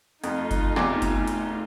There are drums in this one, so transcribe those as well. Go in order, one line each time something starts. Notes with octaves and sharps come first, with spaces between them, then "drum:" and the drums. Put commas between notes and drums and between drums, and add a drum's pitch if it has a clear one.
F2 A3 D#4 F4, drum: hi-hat
drum: kick F#1, hi-hat
E2 C3 D6, drum: snare
drum: kick F#1, hi-hat
drum: hi-hat